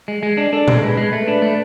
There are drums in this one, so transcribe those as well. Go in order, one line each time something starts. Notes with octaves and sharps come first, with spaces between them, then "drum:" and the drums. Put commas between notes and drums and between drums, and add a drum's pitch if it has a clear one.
G#3
G#3
D4
D4 A4
G#3, drum: tom A#2
G#3 B4
G#3
A3
D4
A3